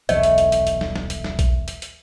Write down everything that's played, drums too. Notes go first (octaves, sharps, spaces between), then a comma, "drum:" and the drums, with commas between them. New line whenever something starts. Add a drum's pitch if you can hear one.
D#1 B1 E2 A3 D#5, drum: hi-hat
drum: hi-hat
drum: hi-hat
drum: hi-hat
drum: hi-hat
drum: snare
drum: snare
drum: hi-hat
drum: snare
drum: kick A#1, hi-hat
drum: hi-hat
drum: hi-hat